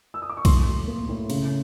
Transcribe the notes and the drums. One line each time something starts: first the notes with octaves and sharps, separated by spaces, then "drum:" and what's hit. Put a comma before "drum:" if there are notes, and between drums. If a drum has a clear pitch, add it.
E6
D#6
D6
C#6
A2 C6, drum: kick B1, cymbal
F#3
A#3
A2
C#3, drum: cymbal